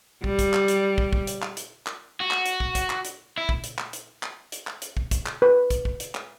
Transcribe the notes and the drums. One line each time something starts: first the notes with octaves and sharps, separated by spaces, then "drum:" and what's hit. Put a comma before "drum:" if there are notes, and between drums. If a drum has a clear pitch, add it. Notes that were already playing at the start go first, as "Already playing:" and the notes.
G3, drum: kick
drum: kick, hi-hat
drum: clap
drum: hi-hat
drum: kick
drum: kick
drum: hi-hat
drum: clap
drum: hi-hat
drum: clap
F#4
drum: clap
drum: hi-hat
drum: kick
drum: kick, hi-hat
drum: clap
drum: hi-hat
E4
drum: kick
drum: hi-hat
drum: clap
drum: hi-hat
drum: clap
drum: hi-hat
drum: clap
drum: hi-hat
drum: kick
drum: kick, hi-hat
drum: clap
B4
drum: kick, hi-hat
drum: kick
drum: hi-hat
drum: clap